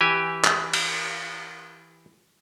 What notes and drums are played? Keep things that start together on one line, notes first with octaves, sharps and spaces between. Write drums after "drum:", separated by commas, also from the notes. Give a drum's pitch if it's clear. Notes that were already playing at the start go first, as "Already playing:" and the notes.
E3 G4 G#5
drum: clap
drum: cymbal